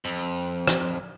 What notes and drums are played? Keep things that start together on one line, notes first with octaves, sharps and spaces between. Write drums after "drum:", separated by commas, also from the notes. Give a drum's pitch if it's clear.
F2
drum: rim click